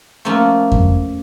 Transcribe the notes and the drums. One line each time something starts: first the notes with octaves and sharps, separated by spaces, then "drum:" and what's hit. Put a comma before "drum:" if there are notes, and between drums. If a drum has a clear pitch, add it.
F3 A3 A#3 C#4 F4
drum: kick F2